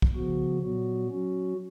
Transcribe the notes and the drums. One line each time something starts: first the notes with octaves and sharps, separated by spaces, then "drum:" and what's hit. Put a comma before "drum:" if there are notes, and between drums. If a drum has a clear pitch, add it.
drum: kick
C#3 F3 B3 F#4
A#2 F#3 B3 F#4
F#3 C#4 F#4